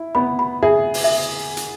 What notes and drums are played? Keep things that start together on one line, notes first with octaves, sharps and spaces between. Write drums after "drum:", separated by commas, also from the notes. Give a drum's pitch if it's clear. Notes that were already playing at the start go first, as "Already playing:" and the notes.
Already playing: E4
B3 B5
B5
G#4 E5
drum: open hi-hat
E5
drum: hi-hat